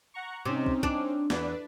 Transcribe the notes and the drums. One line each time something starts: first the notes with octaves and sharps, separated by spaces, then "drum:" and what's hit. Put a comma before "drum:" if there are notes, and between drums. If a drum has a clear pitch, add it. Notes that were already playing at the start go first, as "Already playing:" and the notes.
F#5 A#5 C#6
C3 C4 C#4 D#4
drum: kick
D4, drum: kick
E2 D4 B4 D5, drum: snare